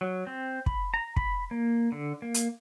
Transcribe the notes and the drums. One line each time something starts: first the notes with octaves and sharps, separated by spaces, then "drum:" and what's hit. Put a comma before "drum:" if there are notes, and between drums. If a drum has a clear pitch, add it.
F#3
C4
B5, drum: kick
A#5
B5, drum: kick
A#3
D3
A#3
drum: hi-hat